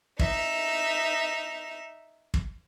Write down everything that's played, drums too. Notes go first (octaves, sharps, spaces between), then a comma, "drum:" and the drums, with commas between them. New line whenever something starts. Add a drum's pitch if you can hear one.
D#4 E5, drum: kick
drum: kick